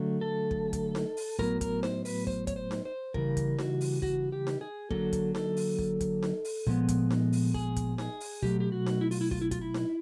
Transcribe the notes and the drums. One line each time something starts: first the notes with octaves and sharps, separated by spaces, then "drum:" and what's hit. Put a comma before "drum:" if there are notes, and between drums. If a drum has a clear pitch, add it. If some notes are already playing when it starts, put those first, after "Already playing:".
Already playing: D3 F#3 A3
A4
drum: kick
drum: kick, hi-hat
drum: snare D#4
drum: open hi-hat
A2 F#3 B3 A#4, drum: kick
A#4, drum: kick, hi-hat
C5, drum: snare D#4
B4, drum: open hi-hat
C5, drum: kick
C#5, drum: kick, hi-hat
C5
drum: snare D#4
C5
C#3 E3 G3 A#3 A#4, drum: kick
drum: kick, hi-hat
F#4, drum: snare D#4
drum: open hi-hat
F#4, drum: kick
G4
drum: snare D#4
G#4
D3 F#3 A#3 A4, drum: kick
drum: kick, hi-hat
A4, drum: snare D#4
drum: open hi-hat
drum: kick
drum: kick, hi-hat
drum: snare D#4
drum: open hi-hat
A#2 F3 G#3 B3, drum: kick
drum: kick, hi-hat
drum: snare D#4
drum: open hi-hat
G#4, drum: kick
drum: kick, hi-hat
G#4, drum: snare D#4
drum: open hi-hat
B2 F#3 A3 G4, drum: kick
G4
F#4
drum: snare D#4
E4
F4, drum: open hi-hat
E4
F4, drum: kick
E4
F4, drum: kick, hi-hat
E4
drum: snare D#4